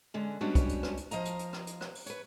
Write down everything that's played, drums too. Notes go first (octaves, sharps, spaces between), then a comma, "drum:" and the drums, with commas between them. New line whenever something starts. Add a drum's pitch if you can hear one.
D3 G#3 C#4
G3 G#3 B3 C#4 D4 F#4
drum: kick, hi-hat
drum: hi-hat
drum: rim click
drum: hi-hat
F3 D#5 F5 A#5, drum: hi-hat
drum: hi-hat
drum: hi-hat
drum: rim click
drum: hi-hat
drum: rim click
drum: open hi-hat
B4 C#5, drum: hi-hat